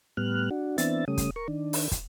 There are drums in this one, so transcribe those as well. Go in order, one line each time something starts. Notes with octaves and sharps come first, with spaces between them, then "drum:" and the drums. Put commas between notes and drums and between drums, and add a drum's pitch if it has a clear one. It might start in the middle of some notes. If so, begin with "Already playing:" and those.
A2 G3 B3 F6 F#6
D4 F#4
E3 B3 C4 D4 E5 A6, drum: hi-hat
C#3 G3 A3 C#4 D#6
drum: kick, hi-hat
A#4 C#6
D#3 D4
drum: open hi-hat
drum: kick, hi-hat